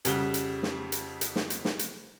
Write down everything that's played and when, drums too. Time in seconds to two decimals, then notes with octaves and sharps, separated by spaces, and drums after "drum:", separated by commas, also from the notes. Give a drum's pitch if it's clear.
0.05 F2 C#3 G3 F#4 F#6 G7, drum: hi-hat
0.34 drum: hi-hat
0.63 drum: snare
0.92 drum: hi-hat
1.21 drum: hi-hat
1.36 drum: snare
1.50 drum: hi-hat
1.65 drum: snare
1.79 drum: hi-hat